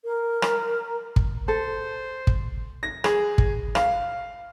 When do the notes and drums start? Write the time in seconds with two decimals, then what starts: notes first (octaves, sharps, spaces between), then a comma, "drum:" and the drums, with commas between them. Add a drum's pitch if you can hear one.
0.05 A#4
0.42 drum: rim click
1.16 drum: kick
1.48 A4 C5
2.27 drum: kick
2.83 A#6
3.04 G#4, drum: rim click
3.38 drum: kick
3.75 F5, drum: rim click